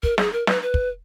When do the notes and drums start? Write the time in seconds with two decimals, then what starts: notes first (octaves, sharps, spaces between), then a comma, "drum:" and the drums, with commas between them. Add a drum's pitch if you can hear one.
0.03 A#4, drum: kick
0.18 G#4, drum: snare
0.33 A#4
0.47 B4, drum: snare
0.62 B4
0.74 drum: kick